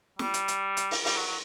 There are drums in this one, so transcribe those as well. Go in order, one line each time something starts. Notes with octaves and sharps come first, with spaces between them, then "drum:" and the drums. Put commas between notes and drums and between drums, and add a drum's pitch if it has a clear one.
G3, drum: snare
drum: hi-hat
drum: hi-hat
drum: hi-hat
drum: open hi-hat
G3, drum: open hi-hat
F#3
F#3